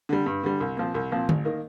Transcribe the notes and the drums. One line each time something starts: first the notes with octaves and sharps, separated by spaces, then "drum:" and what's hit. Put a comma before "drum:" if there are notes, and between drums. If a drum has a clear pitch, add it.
D3 G3
G2
D3 G3
C2
A#2 F3 C4
C2
A#2 F3 C4
A1, drum: tom D3
D#3 A#3